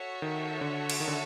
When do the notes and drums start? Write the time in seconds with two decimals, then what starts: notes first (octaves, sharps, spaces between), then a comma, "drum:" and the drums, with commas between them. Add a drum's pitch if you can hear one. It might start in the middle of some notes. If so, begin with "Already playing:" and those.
Already playing: F#4 A4 C#5 E5
0.22 D#3
0.61 D3
0.90 drum: cymbal
1.00 D#3
1.08 D3